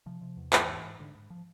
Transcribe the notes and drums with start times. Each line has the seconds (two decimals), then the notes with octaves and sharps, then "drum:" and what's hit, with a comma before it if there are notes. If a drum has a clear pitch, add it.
0.06 C3 F3
0.21 C3
0.37 E2
0.53 G#2 E3, drum: clap
0.69 G#2
0.84 G#2
0.99 G#2 D3
1.15 G#2
1.30 F3